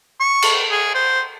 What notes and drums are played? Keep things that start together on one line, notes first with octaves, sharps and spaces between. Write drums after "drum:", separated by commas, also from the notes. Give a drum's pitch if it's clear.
C#6
drum: cymbal
G#4
C5